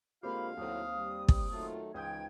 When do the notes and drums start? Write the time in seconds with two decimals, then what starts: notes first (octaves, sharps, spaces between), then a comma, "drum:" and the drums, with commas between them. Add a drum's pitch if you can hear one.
0.23 D3 G#3 A#3 C4 F4 G4 F5 B5
0.57 D#2 A2 F#3 C4 D#6
0.96 G3
1.28 drum: kick
1.51 D#3 F#3 A3 F4
1.94 C#2 G#2 E3 G5 D#6 G6 G#6